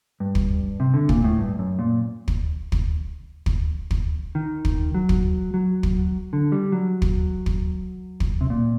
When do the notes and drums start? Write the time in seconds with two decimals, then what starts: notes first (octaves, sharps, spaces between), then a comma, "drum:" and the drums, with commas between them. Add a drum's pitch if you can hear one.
0.20 G2
0.35 drum: kick
0.80 C3
0.94 D3
1.09 A#2, drum: kick
1.24 A2
1.39 G2
1.59 F#2
1.79 A#2
2.28 drum: kick
2.72 drum: kick
3.46 drum: kick
3.91 drum: kick
4.35 D#3
4.65 drum: kick
4.94 F#3
5.09 drum: kick
5.54 F#3
5.83 drum: kick
6.33 D3
6.52 G3
6.72 F#3
7.02 drum: kick
7.46 drum: kick
8.20 drum: kick
8.41 C3
8.50 A#2